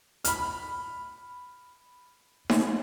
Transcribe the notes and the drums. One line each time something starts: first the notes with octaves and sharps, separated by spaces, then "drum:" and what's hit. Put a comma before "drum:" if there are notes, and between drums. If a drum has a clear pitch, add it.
B5 F6, drum: hi-hat
drum: snare D#4